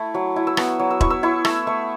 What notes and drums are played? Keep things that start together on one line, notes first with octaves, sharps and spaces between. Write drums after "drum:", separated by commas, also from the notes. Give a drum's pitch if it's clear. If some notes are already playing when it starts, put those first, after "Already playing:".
Already playing: A3 E4 A5 B5
F#3
E4
E6
B3 C#6, drum: rim click
F#3
E6
E4 C#6, drum: kick E1
E6
E4 C#6
A3 E6, drum: rim click
A3 C#6